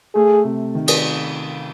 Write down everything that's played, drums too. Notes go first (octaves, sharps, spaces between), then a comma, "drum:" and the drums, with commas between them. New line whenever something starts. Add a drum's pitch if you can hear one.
A3 G#4
C3
D#3
drum: cymbal